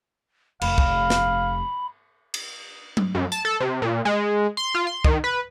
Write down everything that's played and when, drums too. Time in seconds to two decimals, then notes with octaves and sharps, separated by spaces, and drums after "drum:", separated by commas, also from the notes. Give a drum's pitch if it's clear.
0.62 F1 F2 F5 B5, drum: cymbal
0.78 drum: kick
1.10 drum: snare
2.34 drum: cymbal
2.97 drum: tom F#3
3.15 F#2
3.32 A5, drum: tambourine
3.45 A4
3.60 C3
3.82 A#2
4.05 G#3
4.57 C6
4.74 F4
4.87 C6
5.04 D#3, drum: kick
5.24 B4